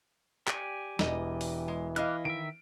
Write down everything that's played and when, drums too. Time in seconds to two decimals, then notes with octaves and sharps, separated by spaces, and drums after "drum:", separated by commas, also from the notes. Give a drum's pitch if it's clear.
0.47 G4 D5 G#5, drum: clap
0.99 E1 E3 D#5, drum: snare
1.41 drum: open hi-hat
1.68 G#3
1.96 E4 D#5 F5 D6 F6 F#6, drum: hi-hat
2.25 D#3 E5 D7